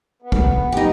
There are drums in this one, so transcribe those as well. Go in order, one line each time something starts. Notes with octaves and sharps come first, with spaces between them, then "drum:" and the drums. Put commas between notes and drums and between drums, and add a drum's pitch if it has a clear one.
B3
drum: kick
D#4 G4